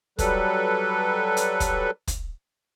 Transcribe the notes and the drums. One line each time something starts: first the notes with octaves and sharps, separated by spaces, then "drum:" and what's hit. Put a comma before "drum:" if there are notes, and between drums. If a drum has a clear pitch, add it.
F#3 G3 A4 B4, drum: kick, hi-hat
drum: hi-hat
drum: kick, hi-hat
drum: kick, hi-hat